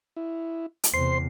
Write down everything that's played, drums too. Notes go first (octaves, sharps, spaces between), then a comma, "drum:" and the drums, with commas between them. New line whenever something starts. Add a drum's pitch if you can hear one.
E4
drum: hi-hat
E2 C3 C5 C6 C7